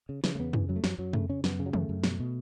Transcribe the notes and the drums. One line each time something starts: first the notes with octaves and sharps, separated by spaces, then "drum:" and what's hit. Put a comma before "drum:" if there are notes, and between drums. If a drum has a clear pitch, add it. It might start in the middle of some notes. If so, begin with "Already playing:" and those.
C#3
C#3 E3, drum: snare
A3
E2 B3
C#3 E3, drum: tom
F#2 F#3
A3
F#2 F#3, drum: snare
F#2 F#3
C#3 A3, drum: tom
C#3 C#4
F#2 B3, drum: snare
C#3
F#3
F#2 A3, drum: tom
F#2
B2, drum: snare
B2